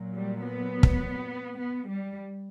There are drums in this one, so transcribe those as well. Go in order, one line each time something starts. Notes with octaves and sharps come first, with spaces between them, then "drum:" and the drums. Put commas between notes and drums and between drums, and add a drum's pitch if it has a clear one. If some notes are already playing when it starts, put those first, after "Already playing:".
Already playing: A#2 F#3
G3
B3
drum: kick
B3
G3